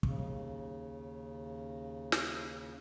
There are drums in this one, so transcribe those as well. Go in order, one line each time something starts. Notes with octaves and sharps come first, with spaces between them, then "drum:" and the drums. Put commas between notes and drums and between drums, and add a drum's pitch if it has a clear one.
D#2 C#3, drum: kick
drum: snare